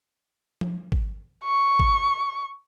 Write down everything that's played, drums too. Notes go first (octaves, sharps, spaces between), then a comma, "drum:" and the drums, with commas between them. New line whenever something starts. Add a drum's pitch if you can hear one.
drum: tom F3
drum: kick G#1
C#6
drum: kick G#1